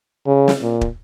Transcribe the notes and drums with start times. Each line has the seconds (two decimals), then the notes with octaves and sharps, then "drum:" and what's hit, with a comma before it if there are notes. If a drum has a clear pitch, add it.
0.27 C#3
0.48 drum: snare
0.62 A#2
0.81 drum: kick